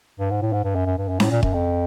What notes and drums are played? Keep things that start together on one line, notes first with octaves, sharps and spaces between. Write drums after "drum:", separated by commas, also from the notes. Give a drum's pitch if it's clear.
G2
G#2
A2
G#2
G2
F#2
F#2
G2
F#2
A2, drum: snare C#4
A#2
F#2, drum: kick
F2